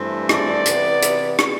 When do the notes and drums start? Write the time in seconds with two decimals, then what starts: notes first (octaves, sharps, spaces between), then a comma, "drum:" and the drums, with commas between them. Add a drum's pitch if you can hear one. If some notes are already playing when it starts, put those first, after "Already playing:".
Already playing: G2 E3 A3 C4
0.29 D5, drum: rim click
0.66 C3 E3 B3, drum: hi-hat
1.02 drum: hi-hat
1.39 drum: rim click